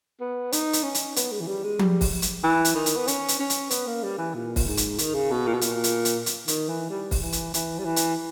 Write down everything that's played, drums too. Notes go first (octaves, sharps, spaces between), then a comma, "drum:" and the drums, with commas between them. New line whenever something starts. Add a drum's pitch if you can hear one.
B3
D#4, drum: hi-hat
drum: hi-hat
C#4
drum: hi-hat
B3, drum: hi-hat
G#3
E3
G3
G#3
G3, drum: tom F3
drum: kick, open hi-hat
drum: hi-hat
E3
drum: hi-hat
D#3
drum: hi-hat
B3
C#4, drum: hi-hat
drum: hi-hat
C#4
drum: hi-hat
B3, drum: hi-hat
A#3
G3
E3
A#2
drum: kick, open hi-hat
G#2
drum: hi-hat
D#3, drum: hi-hat
C#3
B2
A#2
B2
A#2, drum: hi-hat
drum: hi-hat
drum: hi-hat
drum: hi-hat
D#3, drum: hi-hat
E3
G3
drum: kick, open hi-hat
E3
drum: hi-hat
E3, drum: hi-hat
G3
E3
drum: hi-hat